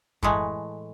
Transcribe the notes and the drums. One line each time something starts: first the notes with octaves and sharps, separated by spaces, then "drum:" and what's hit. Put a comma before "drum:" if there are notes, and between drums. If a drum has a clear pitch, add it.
A2 E3 G#3 A3, drum: kick F#2